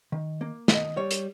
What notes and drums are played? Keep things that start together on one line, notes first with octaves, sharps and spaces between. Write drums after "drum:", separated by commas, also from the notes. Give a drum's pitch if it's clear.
D#3
A#3
D#3 D#5, drum: snare
G3 C#5
drum: hi-hat